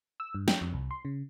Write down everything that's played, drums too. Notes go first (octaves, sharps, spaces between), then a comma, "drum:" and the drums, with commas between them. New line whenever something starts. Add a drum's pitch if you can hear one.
E6
G2
G5, drum: snare
F2
C2
C6
C#3